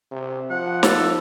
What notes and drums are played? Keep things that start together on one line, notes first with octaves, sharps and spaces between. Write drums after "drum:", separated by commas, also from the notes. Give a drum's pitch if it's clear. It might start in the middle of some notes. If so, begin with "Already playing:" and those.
C3
F3 F#5
A4, drum: snare